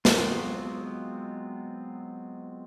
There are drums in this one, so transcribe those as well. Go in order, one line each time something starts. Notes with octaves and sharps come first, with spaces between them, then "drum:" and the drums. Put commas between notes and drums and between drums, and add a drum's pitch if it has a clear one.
F#3 G#3 B3 C4 F4, drum: snare